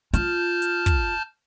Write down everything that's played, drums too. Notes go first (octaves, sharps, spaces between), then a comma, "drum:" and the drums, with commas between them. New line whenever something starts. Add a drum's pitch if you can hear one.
F4 A5 F6 G6, drum: hi-hat
drum: hi-hat
drum: kick, hi-hat